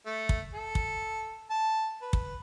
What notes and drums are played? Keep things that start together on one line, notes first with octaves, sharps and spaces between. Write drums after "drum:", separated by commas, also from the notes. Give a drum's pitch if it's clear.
A3
drum: kick
A4
drum: kick
A5
B4
drum: kick